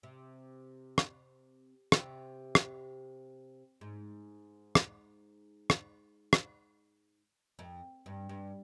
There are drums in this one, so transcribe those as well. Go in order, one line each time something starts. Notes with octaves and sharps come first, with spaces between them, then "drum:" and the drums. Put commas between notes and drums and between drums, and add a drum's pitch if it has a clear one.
C3
drum: rim click
C3, drum: rim click
drum: rim click
G#2
drum: rim click
drum: rim click
drum: rim click
F2
G2
G2